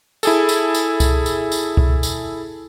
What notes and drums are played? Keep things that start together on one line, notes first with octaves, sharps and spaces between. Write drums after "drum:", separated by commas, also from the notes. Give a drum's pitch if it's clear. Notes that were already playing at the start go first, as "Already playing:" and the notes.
E4 G#4 A4, drum: tambourine
drum: tambourine
drum: tambourine
drum: kick C2, tambourine
drum: tambourine
drum: tambourine
drum: kick C2
drum: tambourine